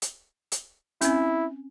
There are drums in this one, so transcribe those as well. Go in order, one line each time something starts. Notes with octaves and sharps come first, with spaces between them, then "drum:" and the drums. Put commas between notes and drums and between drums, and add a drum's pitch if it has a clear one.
drum: hi-hat
drum: hi-hat
C4 C#4 E4, drum: hi-hat